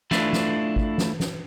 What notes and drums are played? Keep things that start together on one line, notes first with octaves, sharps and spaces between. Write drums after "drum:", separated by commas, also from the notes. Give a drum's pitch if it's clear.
A3 D4 E4 F4, drum: snare
drum: snare
drum: kick G#1
drum: snare
drum: snare